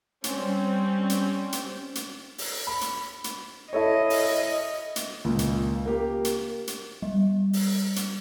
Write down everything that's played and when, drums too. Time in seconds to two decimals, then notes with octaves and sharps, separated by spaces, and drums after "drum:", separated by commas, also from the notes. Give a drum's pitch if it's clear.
0.24 G3 C4 C#4, drum: hi-hat
1.10 drum: hi-hat
1.52 drum: hi-hat
1.95 drum: hi-hat
2.38 drum: open hi-hat
2.67 B5
2.81 drum: hi-hat
3.24 drum: hi-hat
3.73 E4 A4 C#5 D#5
4.10 drum: open hi-hat
4.96 drum: hi-hat
5.24 C#2 A#2
5.39 drum: hi-hat
5.85 A#3 G4
6.25 drum: hi-hat
6.67 drum: hi-hat
7.02 G3
7.53 drum: open hi-hat
7.96 drum: hi-hat